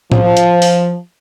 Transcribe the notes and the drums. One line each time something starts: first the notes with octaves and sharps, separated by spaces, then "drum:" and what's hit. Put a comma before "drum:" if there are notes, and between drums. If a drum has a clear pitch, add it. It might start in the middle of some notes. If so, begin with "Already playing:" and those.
F3, drum: tom
drum: hi-hat
drum: open hi-hat